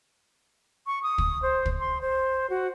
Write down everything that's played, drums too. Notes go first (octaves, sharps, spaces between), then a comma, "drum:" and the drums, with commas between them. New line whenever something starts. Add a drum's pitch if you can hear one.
C#6
D#6
drum: kick
C5
drum: kick
C6
C5
F#4